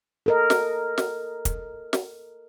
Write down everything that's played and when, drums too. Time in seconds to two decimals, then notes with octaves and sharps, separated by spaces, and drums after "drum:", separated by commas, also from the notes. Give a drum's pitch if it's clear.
0.26 A4 A#4 D#5
0.50 drum: snare
0.98 drum: snare
1.45 drum: kick, hi-hat
1.93 drum: snare